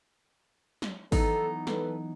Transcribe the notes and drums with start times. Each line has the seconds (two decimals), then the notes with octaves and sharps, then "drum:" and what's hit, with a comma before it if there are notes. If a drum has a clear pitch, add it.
0.82 drum: snare
1.12 E3 F#3 B3 D#4 A4, drum: kick G#1, open hi-hat
1.67 A4 B4, drum: snare